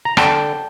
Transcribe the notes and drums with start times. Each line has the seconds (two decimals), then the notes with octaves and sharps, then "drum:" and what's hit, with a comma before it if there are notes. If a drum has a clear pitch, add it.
0.05 A#5
0.17 D3 G5 A5, drum: rim click